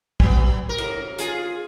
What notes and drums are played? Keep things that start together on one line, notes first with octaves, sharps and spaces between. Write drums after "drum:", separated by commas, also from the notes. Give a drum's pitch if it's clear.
F#3 B3, drum: kick
A#4
drum: cymbal
F4 G#4, drum: hi-hat